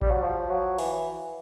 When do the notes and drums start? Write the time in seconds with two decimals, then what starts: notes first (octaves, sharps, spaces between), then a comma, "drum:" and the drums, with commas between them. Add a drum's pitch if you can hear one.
0.02 G3, drum: kick A1
0.11 F#3
0.22 F3
0.50 F#3
0.78 E3, drum: open hi-hat